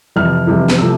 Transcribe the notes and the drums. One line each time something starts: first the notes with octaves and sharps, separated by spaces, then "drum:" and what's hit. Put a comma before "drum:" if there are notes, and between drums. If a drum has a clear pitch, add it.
F2 C3 E3 F6
F2 C3 E3
drum: snare
C3 F3 A3 E6